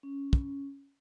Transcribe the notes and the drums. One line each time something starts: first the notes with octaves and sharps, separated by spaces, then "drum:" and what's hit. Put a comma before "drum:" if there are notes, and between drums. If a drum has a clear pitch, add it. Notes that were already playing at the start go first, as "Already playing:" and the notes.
C#4
drum: kick